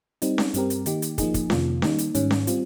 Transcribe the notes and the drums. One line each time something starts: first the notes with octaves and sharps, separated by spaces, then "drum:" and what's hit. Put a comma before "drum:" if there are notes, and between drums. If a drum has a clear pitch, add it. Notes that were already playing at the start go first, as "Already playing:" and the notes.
G3 C4 D#4, drum: hi-hat
drum: snare C#4
G2 G3 C4 G4 A#4, drum: hi-hat
drum: hi-hat
D#3 A#3 D#4 G4, drum: hi-hat
drum: hi-hat
F3 A#3 D#4 G#4, drum: kick, hi-hat
drum: kick, hi-hat
F2 C3 D#3 A#3 F4, drum: snare C#4
D#3 G3 A#3 D#4, drum: snare C#4
drum: hi-hat
G#2 D#3 G3 C#4, drum: hi-hat
drum: snare C#4
G3 C4 F4, drum: hi-hat